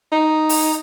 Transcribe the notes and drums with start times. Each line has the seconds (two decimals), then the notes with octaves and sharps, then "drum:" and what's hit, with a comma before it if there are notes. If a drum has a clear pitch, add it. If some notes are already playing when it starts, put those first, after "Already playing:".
0.12 D#4
0.49 drum: open hi-hat